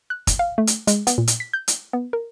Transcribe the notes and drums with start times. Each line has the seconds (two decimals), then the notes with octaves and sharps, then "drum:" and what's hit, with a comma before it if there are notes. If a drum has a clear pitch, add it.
0.10 F#6
0.27 drum: kick, hi-hat
0.39 F5
0.58 A3
0.67 drum: hi-hat
0.87 G#3, drum: hi-hat
1.07 B3, drum: hi-hat
1.18 A#2
1.27 drum: hi-hat
1.40 B6
1.53 G6
1.68 drum: hi-hat
1.93 B3
2.13 A#4